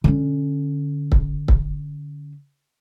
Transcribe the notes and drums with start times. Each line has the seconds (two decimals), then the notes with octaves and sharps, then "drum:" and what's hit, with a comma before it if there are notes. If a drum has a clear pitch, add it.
0.04 D3 C#4
1.12 drum: kick
1.48 drum: kick